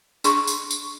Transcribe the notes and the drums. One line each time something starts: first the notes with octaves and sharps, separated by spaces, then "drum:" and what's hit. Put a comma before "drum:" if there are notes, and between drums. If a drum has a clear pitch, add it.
D4 G#4 C6 C#6, drum: tambourine
drum: tambourine
drum: tambourine